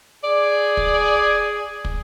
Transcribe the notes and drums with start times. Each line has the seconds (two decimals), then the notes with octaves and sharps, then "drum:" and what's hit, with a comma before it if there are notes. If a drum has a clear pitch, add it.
0.24 G#4 D5
0.77 drum: kick
1.85 drum: kick